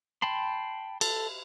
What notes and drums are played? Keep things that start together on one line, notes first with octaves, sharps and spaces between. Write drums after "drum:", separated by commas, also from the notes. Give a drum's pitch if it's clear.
G5 A5 B5 C6
A4, drum: cymbal